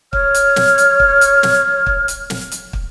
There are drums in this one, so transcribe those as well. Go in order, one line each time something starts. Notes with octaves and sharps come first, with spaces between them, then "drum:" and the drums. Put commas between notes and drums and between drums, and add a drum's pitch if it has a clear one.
C#5 F6, drum: kick
drum: hi-hat
drum: snare
drum: hi-hat
drum: kick
drum: hi-hat
drum: snare
drum: kick
drum: hi-hat
drum: snare
drum: hi-hat
drum: kick